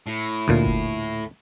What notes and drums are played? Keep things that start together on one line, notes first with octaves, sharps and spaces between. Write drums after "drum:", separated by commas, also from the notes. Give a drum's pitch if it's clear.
A2
D2 A#2
drum: kick F#1